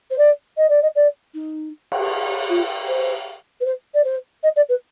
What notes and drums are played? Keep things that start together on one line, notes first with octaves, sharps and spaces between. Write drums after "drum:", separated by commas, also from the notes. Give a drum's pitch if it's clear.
C5
D5
D#5
D5
D#5
D5
D#4
drum: cymbal
F4
C5
B4
C5
D5
C5
D#5
D5
B4